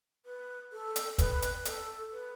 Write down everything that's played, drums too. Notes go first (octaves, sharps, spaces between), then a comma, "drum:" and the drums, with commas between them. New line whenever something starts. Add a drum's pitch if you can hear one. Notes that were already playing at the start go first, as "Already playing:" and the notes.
B4
A4
drum: hi-hat
B4, drum: kick, hi-hat
drum: hi-hat
A4, drum: hi-hat
B4